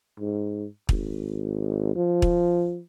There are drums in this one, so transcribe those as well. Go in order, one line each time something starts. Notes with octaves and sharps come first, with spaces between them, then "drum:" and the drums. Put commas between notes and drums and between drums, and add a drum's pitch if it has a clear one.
G#2
G#1, drum: kick
F3
drum: kick